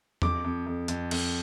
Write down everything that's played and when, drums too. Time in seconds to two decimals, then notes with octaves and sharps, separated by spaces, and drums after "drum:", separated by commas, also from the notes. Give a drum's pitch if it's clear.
0.22 F2 D6, drum: tom E2
0.45 F2
0.66 F2
0.88 F2, drum: hi-hat
1.11 F2, drum: cymbal